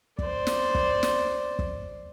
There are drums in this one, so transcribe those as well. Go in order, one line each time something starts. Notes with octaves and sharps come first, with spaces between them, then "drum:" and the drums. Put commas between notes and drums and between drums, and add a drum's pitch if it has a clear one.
C5 D5, drum: kick
drum: snare
drum: kick
drum: snare
drum: kick